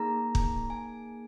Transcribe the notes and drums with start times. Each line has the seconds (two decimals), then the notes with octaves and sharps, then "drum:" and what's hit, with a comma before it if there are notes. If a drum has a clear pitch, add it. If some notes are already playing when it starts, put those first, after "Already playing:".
Already playing: A#3 D#4 G#4 A#5
0.35 drum: kick
0.70 G#5